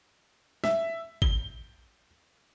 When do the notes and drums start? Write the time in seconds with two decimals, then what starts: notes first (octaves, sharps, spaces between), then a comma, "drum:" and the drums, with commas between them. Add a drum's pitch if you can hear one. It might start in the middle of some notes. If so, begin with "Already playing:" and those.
0.64 E5, drum: snare
1.22 G7, drum: kick A1